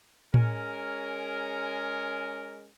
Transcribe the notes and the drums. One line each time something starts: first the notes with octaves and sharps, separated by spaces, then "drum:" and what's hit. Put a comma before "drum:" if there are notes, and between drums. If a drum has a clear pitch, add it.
G#3 C#4 A#4, drum: tom A2